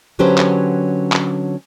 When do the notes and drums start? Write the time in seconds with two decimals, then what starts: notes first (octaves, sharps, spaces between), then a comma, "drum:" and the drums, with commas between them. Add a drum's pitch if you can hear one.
0.19 D3 F#3 C#4 G4 B4 C5
0.38 drum: clap
1.12 drum: clap